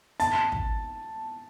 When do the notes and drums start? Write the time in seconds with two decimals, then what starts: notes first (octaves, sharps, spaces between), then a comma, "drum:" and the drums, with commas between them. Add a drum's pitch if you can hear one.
0.20 A5, drum: hi-hat
0.52 drum: kick